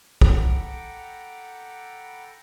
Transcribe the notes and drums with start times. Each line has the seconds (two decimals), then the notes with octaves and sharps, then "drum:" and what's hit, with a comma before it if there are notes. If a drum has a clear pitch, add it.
0.21 A4 F#5 G5 A#5 B5 D6, drum: kick